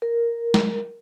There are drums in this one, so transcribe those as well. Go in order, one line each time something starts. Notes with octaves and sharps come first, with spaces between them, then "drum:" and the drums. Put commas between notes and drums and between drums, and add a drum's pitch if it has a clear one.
A#4
drum: snare